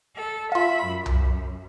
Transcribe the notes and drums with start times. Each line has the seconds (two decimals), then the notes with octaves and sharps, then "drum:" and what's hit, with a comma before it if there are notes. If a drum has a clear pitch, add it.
0.15 A4
0.52 F4 E5 F5 B5
0.85 F#2
1.06 drum: tom C2